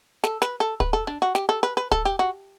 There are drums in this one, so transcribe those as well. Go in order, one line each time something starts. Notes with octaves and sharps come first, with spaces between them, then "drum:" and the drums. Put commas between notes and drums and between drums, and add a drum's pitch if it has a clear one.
A4, drum: snare
B4, drum: snare
A4
B4, drum: kick
A4
D4
F#4
G4, drum: snare
A4
B4
B4
A4, drum: kick
G4
F#4